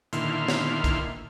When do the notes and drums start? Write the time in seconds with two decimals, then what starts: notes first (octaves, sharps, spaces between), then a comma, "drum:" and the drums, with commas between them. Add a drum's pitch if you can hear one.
0.13 A#2 D3 D#3 E4 C6 F6, drum: hi-hat
0.48 drum: snare
0.84 drum: kick, hi-hat